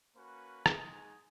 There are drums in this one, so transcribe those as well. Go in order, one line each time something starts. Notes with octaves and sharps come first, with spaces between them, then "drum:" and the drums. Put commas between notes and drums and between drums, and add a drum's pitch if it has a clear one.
A#3 C#4 F#4 B4
G#3 D#4 F#4 G#4, drum: rim click